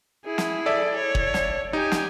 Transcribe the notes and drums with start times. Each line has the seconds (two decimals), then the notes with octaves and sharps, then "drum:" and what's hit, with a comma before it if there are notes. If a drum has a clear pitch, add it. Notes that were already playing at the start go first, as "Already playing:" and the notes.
0.25 E4 G#4
0.38 drum: snare
0.66 A4 D5 E5
0.96 C#5
1.15 drum: kick
1.34 drum: snare
1.73 D#4 G4 G#5
1.92 drum: snare